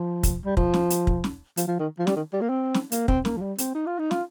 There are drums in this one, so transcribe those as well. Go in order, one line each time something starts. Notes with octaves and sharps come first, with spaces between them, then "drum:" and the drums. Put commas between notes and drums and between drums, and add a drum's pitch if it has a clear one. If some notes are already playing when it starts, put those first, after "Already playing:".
Already playing: F3
drum: kick, hi-hat
G3
F3, drum: kick
drum: snare
drum: hi-hat
drum: kick
drum: snare
F3, drum: hi-hat
F3
D#3
F3
G3, drum: snare
D#3
G3
A#3
C4
drum: snare
A#3, drum: hi-hat
C4, drum: kick
A#3, drum: snare
F3
G3
C4, drum: hi-hat
D#4
F4
D#4
F4, drum: snare